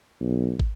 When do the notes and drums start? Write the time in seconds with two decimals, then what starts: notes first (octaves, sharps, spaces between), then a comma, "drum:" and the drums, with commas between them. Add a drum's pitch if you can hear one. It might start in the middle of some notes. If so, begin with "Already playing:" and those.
0.21 B1
0.60 drum: kick